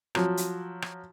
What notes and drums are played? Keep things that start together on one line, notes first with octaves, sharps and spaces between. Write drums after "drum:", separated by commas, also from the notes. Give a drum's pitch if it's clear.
F3 F#3, drum: rim click
drum: hi-hat
drum: rim click